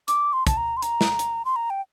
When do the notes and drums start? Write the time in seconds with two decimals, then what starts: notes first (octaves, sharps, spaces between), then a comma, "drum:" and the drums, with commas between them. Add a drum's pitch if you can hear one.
0.08 D6, drum: hi-hat
0.33 C6
0.47 A5, drum: kick, hi-hat
0.57 A#5
0.77 C6
0.82 A#5, drum: hi-hat
1.01 drum: snare
1.19 drum: hi-hat
1.45 C6
1.56 A#5
1.70 G5